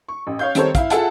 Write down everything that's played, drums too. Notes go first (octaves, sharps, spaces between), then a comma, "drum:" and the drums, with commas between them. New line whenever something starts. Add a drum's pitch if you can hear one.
C#6
A1
C#5 F5 G6
D#3 G3 C4 A4 C5 C#5, drum: hi-hat
E4 F5, drum: kick, hi-hat
F4 G#4 A4 E5 F#5 A5, drum: hi-hat